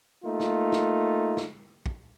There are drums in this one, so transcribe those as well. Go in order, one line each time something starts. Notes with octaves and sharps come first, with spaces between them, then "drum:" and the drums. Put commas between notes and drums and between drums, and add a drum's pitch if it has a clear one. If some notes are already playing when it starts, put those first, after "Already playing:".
A3 A#3 D#4 F4
drum: snare
drum: snare
drum: snare
drum: kick